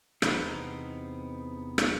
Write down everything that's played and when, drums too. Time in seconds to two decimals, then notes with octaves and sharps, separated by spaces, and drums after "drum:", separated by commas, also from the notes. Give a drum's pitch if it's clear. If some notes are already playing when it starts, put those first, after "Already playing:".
0.22 E2 C3 B3 C4 D#4, drum: rim click
1.78 drum: rim click